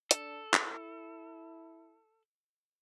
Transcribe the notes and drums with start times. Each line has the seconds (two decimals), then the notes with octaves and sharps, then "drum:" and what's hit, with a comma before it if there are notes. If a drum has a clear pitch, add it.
0.11 D4 A4, drum: hi-hat
0.54 E4, drum: clap